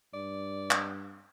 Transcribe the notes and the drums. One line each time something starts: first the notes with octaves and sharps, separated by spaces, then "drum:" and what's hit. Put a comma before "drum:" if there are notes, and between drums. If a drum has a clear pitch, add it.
G2 D5
drum: clap